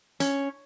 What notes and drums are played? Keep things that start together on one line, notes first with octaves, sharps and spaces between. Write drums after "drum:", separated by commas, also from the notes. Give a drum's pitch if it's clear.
C#4, drum: hi-hat